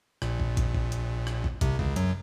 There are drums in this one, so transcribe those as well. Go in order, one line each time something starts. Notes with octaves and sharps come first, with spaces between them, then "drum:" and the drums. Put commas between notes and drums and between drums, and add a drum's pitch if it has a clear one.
A#1 A#2, drum: rim click
drum: kick
drum: kick, hi-hat
drum: kick
drum: hi-hat
drum: rim click
drum: kick
C2 C3, drum: kick, hi-hat
C#2 C#3, drum: kick
F#2 F#3, drum: hi-hat